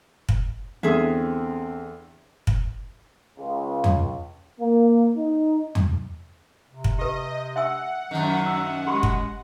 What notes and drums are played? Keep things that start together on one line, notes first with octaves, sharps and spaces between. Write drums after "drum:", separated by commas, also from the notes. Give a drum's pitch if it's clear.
drum: kick
E2 D3 C4 G#4 E5
drum: kick
C#2
drum: tom E2
A#3
D#4
drum: tom E2
C3
drum: kick
G4 B4 D#5
E5 F#5 G#5 E6
F#2 D#3 F#3
E6
G#3 G4 B5 C#6
drum: kick